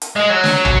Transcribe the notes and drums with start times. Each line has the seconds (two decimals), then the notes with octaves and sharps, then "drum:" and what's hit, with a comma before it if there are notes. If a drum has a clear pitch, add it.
0.02 drum: hi-hat
0.16 G#3
0.30 F#3
0.44 drum: snare
0.65 drum: tom